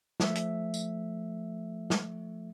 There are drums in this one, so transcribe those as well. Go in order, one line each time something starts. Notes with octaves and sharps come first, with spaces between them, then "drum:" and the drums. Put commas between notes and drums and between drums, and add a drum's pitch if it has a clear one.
F3 A3 E5, drum: snare
drum: hi-hat
drum: tambourine
drum: snare